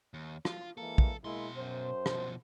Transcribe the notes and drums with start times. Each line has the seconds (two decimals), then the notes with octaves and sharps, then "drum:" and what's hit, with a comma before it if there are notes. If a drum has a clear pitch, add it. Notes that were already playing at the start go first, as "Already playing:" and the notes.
0.14 D#2
0.45 F4, drum: rim click
0.78 E3 G#3 A#3 A4
0.98 drum: kick
1.25 B2 G#3 A#3 E4 C6
1.57 F#2 C5
2.06 B2 F3, drum: rim click